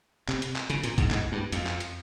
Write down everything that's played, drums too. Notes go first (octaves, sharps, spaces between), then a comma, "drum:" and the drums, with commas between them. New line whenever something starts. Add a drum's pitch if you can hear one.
C3, drum: clap
drum: hi-hat
drum: clap
C#3, drum: hi-hat
A#2, drum: hi-hat
G#2, drum: kick A#1, hi-hat
G#2, drum: clap
G2
F2, drum: hi-hat
drum: clap
drum: hi-hat